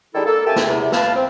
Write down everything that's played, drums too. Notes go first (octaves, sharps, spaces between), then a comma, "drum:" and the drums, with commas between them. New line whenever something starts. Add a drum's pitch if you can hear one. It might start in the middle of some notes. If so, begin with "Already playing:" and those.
D#3 G3 G#3 D4 E4 A4
A#3 A4
C#3 A3 G4 G#5 A5
drum: snare
E2 C3
B4 F5 A5, drum: snare
C4